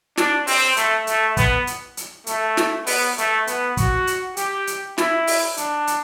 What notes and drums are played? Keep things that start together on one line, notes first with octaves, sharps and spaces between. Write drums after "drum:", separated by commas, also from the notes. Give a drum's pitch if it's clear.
D4, drum: snare
C4, drum: open hi-hat
A3, drum: hi-hat
A3, drum: hi-hat
B3, drum: kick, hi-hat
drum: hi-hat
drum: hi-hat
A3, drum: hi-hat
drum: snare
B3, drum: open hi-hat
A3, drum: hi-hat
B3, drum: hi-hat
F#4, drum: kick, hi-hat
drum: hi-hat
G4, drum: hi-hat
drum: hi-hat
E4, drum: snare
drum: open hi-hat
D4, drum: hi-hat
drum: hi-hat